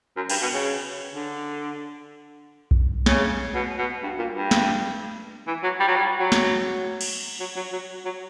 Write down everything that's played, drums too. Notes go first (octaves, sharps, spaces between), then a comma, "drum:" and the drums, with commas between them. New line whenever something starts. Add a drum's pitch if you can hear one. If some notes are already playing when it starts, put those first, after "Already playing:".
F#2
G2, drum: cymbal
B2
C#3
D3
drum: kick B1
C#3, drum: snare
B2
B2
G2
A#2
G2
drum: snare
E3
F#3
G3
F#3
G3
F#3
drum: snare
drum: cymbal
F#3
F#3
F#3
F#3